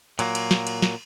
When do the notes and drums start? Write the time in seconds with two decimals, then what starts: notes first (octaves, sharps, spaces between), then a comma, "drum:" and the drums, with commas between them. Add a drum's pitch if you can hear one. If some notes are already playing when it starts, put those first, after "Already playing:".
0.19 A#2 F#3 A#3, drum: cymbal
0.35 drum: cymbal
0.51 drum: snare
0.67 drum: cymbal
0.82 drum: snare